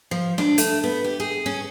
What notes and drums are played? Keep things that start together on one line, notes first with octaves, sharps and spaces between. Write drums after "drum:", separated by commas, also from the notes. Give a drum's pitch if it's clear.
F3
D4, drum: snare
A3, drum: hi-hat
B3
G4
G#4
C#4